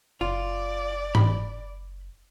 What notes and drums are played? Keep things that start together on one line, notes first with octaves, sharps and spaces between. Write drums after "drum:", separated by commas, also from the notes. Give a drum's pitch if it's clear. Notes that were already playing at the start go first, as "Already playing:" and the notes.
F#1 F4 D5
B5, drum: tom G#2